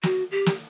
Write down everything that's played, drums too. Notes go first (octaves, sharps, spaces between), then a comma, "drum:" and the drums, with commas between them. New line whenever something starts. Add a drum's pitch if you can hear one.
F#4, drum: snare
G4
drum: snare